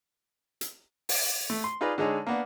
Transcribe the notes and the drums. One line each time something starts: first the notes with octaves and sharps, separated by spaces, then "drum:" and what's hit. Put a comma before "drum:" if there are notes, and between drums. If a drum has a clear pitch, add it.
drum: hi-hat
drum: open hi-hat
A3
C6
D#4 F4 G#4 B4 D5 D#5
D3 G#3 D#4 G#4 C#5
A#3 B3 D4